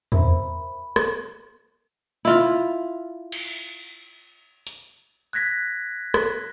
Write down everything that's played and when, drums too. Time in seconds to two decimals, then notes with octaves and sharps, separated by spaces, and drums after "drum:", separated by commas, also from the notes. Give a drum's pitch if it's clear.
0.12 A#4 C5 E5 B5, drum: tom E2
0.96 drum: rim click
2.25 E4 F4
3.32 drum: cymbal
4.67 drum: hi-hat
5.33 F#6 G#6 A#6 B6
6.14 drum: rim click